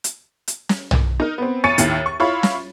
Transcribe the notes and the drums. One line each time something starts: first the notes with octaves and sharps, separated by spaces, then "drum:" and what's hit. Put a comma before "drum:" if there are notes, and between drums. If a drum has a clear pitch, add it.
drum: hi-hat
drum: hi-hat
drum: snare
drum: tom B1
D#4 A#4
B3 C4
A1 C#5 G#5 A6 C#7 D#7
D#2 A2 D#3, drum: hi-hat
C#6
E4 F4 C#5 B5
drum: snare